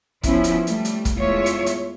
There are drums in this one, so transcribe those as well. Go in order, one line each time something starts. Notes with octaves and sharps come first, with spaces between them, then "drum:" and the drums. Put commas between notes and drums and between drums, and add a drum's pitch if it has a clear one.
F3 B3 C#4 E4, drum: kick, hi-hat
drum: hi-hat
G3 A3, drum: hi-hat
drum: hi-hat
drum: kick, hi-hat
E2 G#3 A3 F4 C#5 E5
drum: hi-hat
drum: hi-hat